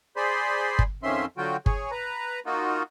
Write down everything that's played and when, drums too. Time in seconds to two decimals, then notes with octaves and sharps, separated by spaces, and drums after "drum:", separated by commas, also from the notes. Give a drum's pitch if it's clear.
0.16 G#4 C5 D5 B5 C6
0.79 drum: kick G1
1.03 F2 D#3 F3 C#4 E5 C6
1.38 D3 F#3 F4 F#4 G5
1.66 G#4 C#5, drum: kick G1
1.91 B4 A#5
2.46 A#3 D#4 F4 F#4